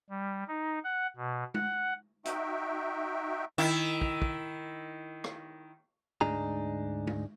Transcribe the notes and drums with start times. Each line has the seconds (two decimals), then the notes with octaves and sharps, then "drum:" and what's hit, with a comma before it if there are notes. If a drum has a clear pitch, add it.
0.10 G3
0.48 D#4
0.84 F#5
1.16 B2
1.54 F#5, drum: tom
2.25 D#4 F#4 E5 G5, drum: hi-hat
3.58 D#3 E4
4.01 drum: kick
4.22 drum: kick
5.24 drum: rim click
6.21 D2 G#2 D4 D#4 G#4 A#5, drum: tom
7.07 drum: tom